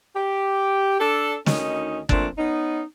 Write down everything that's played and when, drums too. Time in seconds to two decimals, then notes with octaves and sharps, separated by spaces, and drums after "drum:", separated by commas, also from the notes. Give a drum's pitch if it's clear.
0.16 G4
1.00 D4 A4
1.46 D2 D#3 C#4 D#4 D#5, drum: snare
2.09 A#2 F3 A3 C4 D4, drum: kick
2.38 B3 C#4 D#4